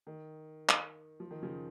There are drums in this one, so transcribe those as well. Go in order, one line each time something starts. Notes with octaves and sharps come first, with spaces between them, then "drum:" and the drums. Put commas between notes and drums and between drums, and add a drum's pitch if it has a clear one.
D#3
drum: clap
F3
D#3
C#3 F3